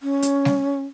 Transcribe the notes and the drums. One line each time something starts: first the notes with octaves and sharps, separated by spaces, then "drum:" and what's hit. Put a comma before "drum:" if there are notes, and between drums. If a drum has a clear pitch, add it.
C#4
drum: hi-hat
drum: snare G3